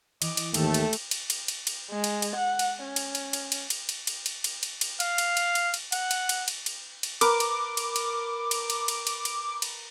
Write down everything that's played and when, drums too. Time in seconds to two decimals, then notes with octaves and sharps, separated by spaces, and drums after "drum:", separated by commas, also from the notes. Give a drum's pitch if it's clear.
0.22 E3 D#5 D6, drum: cymbal
0.37 drum: cymbal
0.54 D#2 G#2 D#3 E3 A3 G4 A4, drum: cymbal
0.74 drum: cymbal
0.93 drum: cymbal
1.11 drum: cymbal
1.30 drum: cymbal
1.48 drum: cymbal
1.67 drum: cymbal
1.91 G#3
2.04 drum: cymbal
2.22 drum: cymbal
2.36 F#5
2.59 drum: cymbal
2.85 C#4
2.96 drum: cymbal
3.15 drum: cymbal
3.33 drum: cymbal
3.52 drum: cymbal
3.70 drum: cymbal
3.89 drum: cymbal
4.07 drum: cymbal
4.26 drum: cymbal
4.44 drum: cymbal
4.63 drum: cymbal
4.81 drum: cymbal
5.00 F5, drum: cymbal
5.18 drum: cymbal
5.37 drum: cymbal
5.55 drum: cymbal
5.74 drum: cymbal
5.92 F#5, drum: cymbal
6.11 drum: cymbal
6.29 drum: cymbal
6.48 drum: cymbal
6.66 drum: cymbal
7.03 drum: cymbal
7.21 A#4 B4 D6, drum: cymbal
7.40 drum: cymbal
7.77 drum: cymbal
7.96 drum: cymbal
8.51 drum: cymbal
8.70 drum: cymbal
8.88 drum: cymbal
9.07 drum: cymbal
9.25 drum: cymbal
9.62 drum: cymbal